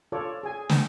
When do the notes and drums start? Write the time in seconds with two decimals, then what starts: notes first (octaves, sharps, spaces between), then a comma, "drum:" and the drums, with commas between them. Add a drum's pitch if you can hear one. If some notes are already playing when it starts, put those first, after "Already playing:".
0.12 F4 A4 C#5 D5
0.43 G#4 G#5
0.69 drum: snare